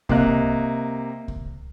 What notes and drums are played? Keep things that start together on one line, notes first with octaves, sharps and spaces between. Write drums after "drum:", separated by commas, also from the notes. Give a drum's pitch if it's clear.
C3 A#3 D#5 F#6, drum: kick C2
drum: kick C2